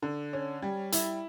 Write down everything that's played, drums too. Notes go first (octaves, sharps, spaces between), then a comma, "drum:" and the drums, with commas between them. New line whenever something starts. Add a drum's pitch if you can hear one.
D3
C#4
G3
E4, drum: hi-hat